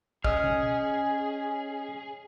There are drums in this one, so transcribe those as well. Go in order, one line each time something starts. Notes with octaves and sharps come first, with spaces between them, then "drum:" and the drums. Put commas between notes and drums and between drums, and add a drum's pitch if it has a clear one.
C#4 G#4 D#5 D#6 F6, drum: kick
drum: tom B2